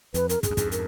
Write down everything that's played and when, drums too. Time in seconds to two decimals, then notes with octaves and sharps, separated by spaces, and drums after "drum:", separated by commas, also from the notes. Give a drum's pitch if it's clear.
0.14 F2 B4, drum: hi-hat
0.29 A#4, drum: hi-hat
0.43 F2 G#4, drum: kick, hi-hat
0.50 F#2
0.57 F2 G#2, drum: kick, hi-hat
0.72 A#4, drum: hi-hat